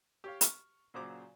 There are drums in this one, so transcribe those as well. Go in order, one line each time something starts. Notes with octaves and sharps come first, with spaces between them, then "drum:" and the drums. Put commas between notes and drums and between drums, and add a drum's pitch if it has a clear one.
G4 C#5 F5
C#6 F6, drum: hi-hat
A#2 C#3 F#3 C5 A#5 D6